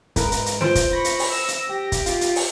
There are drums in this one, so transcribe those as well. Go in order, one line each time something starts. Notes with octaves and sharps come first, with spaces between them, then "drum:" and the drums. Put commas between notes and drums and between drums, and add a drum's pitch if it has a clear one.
G#2 A#4 B4, drum: kick, hi-hat
drum: hi-hat
drum: hi-hat
F4 C5 C6 D7, drum: snare
drum: kick, hi-hat
B5 C#6 A#6
drum: hi-hat
drum: open hi-hat
E6
drum: hi-hat
G4 G5
drum: kick, hi-hat
F4, drum: hi-hat
drum: hi-hat
drum: open hi-hat